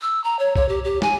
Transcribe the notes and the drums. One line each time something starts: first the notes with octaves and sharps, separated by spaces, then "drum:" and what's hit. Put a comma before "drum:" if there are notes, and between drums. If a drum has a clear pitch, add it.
E6
A#5
C#5
C#5, drum: kick B1
G4
G4
G#5, drum: snare